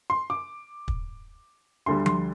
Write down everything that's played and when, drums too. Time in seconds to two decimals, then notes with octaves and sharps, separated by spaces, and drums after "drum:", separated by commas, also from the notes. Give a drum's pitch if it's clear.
0.10 C6
0.30 D6
0.88 drum: kick
1.86 D2 D3 G3 C6
2.06 C6, drum: tom F3